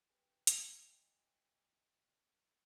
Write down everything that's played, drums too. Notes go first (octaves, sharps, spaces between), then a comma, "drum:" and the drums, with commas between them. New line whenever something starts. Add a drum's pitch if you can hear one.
G4 G#4 B4 G5
drum: hi-hat
D#5 G5 G#5